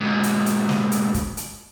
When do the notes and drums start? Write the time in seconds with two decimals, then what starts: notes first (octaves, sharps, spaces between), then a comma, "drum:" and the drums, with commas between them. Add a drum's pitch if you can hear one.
0.01 G#2 B2
0.23 drum: hi-hat
0.46 drum: hi-hat
0.69 drum: snare
0.92 drum: hi-hat
1.14 drum: kick, hi-hat
1.37 drum: hi-hat